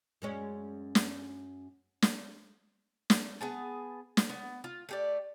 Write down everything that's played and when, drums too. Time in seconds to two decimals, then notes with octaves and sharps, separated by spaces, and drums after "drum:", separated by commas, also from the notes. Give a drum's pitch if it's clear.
0.22 F#2 G#3 C#4
0.95 drum: snare
2.02 drum: snare
3.10 drum: snare
3.41 B3 G#4 A5
4.17 drum: snare
4.29 B3
4.64 F4
4.89 A3 G4 D5